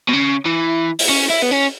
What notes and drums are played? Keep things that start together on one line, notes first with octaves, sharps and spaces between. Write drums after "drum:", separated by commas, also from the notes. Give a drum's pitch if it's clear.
B2
C#3
E3
drum: open hi-hat
C#4
E4
B3
C#4